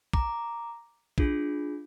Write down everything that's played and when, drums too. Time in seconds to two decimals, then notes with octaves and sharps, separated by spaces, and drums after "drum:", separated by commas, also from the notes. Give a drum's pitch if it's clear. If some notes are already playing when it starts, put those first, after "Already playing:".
0.13 A#5 D6, drum: kick
1.18 D4 F4 G#4, drum: kick